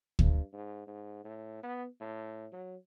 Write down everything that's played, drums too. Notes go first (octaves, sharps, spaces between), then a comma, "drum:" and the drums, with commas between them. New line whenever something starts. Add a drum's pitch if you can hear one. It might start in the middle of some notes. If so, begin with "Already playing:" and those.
G2, drum: kick
G#2
G#2
A2
B3
A2
F#3